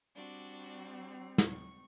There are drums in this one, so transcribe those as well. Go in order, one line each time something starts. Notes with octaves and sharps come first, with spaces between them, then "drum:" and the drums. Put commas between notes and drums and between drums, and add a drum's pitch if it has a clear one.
G3 C4 D4 F#4
C#6, drum: snare